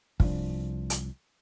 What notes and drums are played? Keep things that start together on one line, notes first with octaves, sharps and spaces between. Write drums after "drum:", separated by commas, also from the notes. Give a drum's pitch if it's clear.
C2 F3 G3 D4, drum: kick
drum: hi-hat